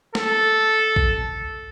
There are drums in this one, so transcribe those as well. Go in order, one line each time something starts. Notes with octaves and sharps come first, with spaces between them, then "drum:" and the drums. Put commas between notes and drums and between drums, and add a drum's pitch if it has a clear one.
A4, drum: snare
drum: kick